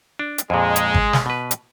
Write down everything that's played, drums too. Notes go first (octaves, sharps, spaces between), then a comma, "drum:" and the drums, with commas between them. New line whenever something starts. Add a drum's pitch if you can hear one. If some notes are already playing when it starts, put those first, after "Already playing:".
D4
drum: hi-hat
F2 A#2 G#3
drum: hi-hat
drum: kick G#1
drum: snare
B2 B4
drum: hi-hat